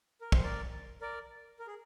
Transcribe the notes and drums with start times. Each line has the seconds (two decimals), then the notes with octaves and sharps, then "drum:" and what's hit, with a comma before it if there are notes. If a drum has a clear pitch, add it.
0.21 A#4
0.32 C5, drum: kick
0.43 A#4 D5
1.01 A#4 D5
1.59 A#4
1.67 G#4